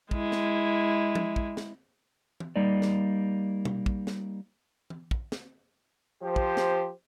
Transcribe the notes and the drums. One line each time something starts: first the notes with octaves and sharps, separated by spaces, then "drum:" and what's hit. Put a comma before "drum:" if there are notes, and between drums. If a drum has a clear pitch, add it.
G#3 E4, drum: kick
drum: snare
drum: tom
drum: kick
drum: snare
drum: tom
G3 A#3 D#4 D5
drum: snare
drum: tom B2
drum: kick
drum: snare
drum: tom
drum: kick
drum: snare
F3 G4 C5
drum: kick
drum: snare